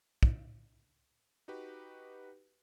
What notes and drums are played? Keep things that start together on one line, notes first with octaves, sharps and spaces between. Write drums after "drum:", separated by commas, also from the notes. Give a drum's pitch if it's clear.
drum: kick
D#4 F#4 G4 B4